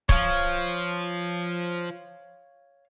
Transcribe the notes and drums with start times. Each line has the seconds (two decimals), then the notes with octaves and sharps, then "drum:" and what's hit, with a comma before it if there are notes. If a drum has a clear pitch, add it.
0.09 F3 C#5 F5, drum: kick C#1